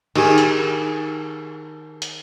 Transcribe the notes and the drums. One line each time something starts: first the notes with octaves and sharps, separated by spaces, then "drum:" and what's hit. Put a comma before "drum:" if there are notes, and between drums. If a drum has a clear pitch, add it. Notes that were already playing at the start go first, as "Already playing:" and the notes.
D#3 G4 G#4, drum: cymbal
drum: hi-hat
drum: hi-hat